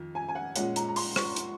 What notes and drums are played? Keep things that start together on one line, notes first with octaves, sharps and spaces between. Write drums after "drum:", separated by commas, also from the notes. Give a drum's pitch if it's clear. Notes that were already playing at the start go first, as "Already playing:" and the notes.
Already playing: F2 D#3
G#5
G#5
F#5
A#2 G#3 C#4 F#5, drum: hi-hat
A#5, drum: hi-hat
A#5
C6, drum: open hi-hat
C#6, drum: rim click
drum: hi-hat